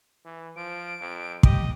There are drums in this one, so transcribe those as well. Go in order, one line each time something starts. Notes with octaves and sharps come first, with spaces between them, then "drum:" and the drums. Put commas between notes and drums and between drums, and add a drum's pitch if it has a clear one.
E3
F3 D7
F2
G4 D#5, drum: kick